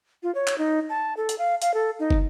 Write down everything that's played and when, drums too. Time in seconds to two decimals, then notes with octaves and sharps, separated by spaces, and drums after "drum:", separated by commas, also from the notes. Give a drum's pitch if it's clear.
0.23 F4
0.35 C#5
0.47 drum: clap
0.58 D#4
0.89 A5
1.17 A4
1.29 drum: hi-hat
1.39 F5
1.62 F5, drum: hi-hat
1.74 A4
1.99 D#4
2.10 drum: kick